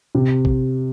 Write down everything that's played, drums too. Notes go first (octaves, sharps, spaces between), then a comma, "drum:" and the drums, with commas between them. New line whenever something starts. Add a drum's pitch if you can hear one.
C3
drum: kick